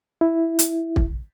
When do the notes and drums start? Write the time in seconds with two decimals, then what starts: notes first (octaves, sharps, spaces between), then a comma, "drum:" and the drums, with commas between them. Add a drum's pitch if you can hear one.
0.21 E4
0.59 drum: hi-hat
0.96 drum: kick